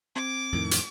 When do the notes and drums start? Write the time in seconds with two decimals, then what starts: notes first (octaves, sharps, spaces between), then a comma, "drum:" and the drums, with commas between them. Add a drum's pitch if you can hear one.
0.16 C4 D6 G#6
0.53 F2 A2 D#3
0.71 drum: hi-hat